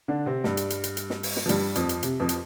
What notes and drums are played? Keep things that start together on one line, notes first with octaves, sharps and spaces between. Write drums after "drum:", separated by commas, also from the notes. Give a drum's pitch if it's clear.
D3 D4
C3 C4
G2 G3, drum: snare
drum: hi-hat
drum: hi-hat
drum: hi-hat
drum: hi-hat
drum: snare
drum: open hi-hat
drum: snare
F3
G2 G3, drum: hi-hat
F2 F3, drum: hi-hat
drum: hi-hat
C3, drum: hi-hat
F2 F3
drum: hi-hat